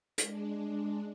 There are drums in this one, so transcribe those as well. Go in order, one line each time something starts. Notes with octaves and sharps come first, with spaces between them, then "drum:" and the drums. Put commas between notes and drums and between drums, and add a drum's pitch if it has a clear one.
G#3 D4, drum: hi-hat